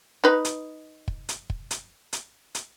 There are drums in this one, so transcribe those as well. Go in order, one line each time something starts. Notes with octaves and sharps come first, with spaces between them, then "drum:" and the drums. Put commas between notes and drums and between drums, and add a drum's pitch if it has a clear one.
D#4 B4
drum: hi-hat
drum: kick
drum: hi-hat
drum: kick
drum: hi-hat
drum: hi-hat
drum: hi-hat